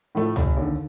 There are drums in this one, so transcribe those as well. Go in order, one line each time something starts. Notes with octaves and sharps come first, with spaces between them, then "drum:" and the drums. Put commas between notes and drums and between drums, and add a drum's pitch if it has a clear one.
A2 F3 A3
F1, drum: tom
D#2
D3